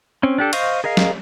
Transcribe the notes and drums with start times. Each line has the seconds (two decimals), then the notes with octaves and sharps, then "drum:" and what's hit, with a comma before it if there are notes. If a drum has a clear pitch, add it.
0.23 C4 C#4
0.38 D4 G4 A4
0.53 C5 D#5 F5 C#6, drum: cymbal
0.84 G#4 A#4 D#5 F5
0.97 drum: snare